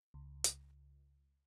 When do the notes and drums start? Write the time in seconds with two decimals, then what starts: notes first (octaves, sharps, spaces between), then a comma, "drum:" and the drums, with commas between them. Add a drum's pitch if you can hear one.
0.14 C#2
0.44 drum: hi-hat